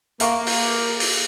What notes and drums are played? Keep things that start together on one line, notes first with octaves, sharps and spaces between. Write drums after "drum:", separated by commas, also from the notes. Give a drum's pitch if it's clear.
A#3 E5 F5 C#6, drum: hi-hat
drum: open hi-hat
drum: open hi-hat